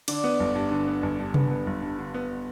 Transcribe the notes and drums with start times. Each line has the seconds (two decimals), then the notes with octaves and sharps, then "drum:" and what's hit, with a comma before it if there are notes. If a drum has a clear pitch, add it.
0.08 D3 D5, drum: cymbal
0.24 B3
0.40 G1
0.55 G2
0.71 D3
0.88 B3
1.03 G1
1.19 G2
1.34 D3 B4, drum: tom C3
1.50 B3
1.67 G1
1.82 G2
1.99 D3
2.14 B3